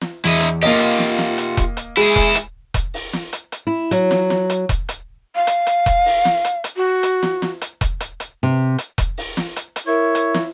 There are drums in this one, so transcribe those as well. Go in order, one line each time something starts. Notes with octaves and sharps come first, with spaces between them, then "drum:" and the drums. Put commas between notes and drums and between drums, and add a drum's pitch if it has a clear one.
drum: snare
E2 E4 D#5
drum: hi-hat
A#3 F4 G4 D#5, drum: hi-hat
drum: hi-hat
drum: snare
drum: snare
drum: hi-hat
drum: kick E1, hi-hat
drum: hi-hat
G#3 E4 G#4, drum: hi-hat
drum: kick E1, hi-hat
drum: hi-hat
drum: kick E1, hi-hat
drum: open hi-hat
drum: snare
drum: hi-hat
drum: hi-hat
E4
F#3, drum: hi-hat
drum: snare
drum: snare
drum: hi-hat
drum: kick E1, hi-hat
drum: hi-hat
F5
drum: hi-hat
drum: hi-hat
drum: kick E1, hi-hat
drum: open hi-hat
drum: snare
drum: hi-hat
drum: hi-hat
F#4
drum: hi-hat
drum: snare
drum: snare
drum: hi-hat
drum: kick E1, hi-hat
drum: hi-hat
drum: hi-hat
C3
drum: hi-hat
drum: kick E1, hi-hat
drum: open hi-hat
drum: snare
drum: hi-hat
drum: hi-hat
E4 A#4 C#5
drum: hi-hat
drum: snare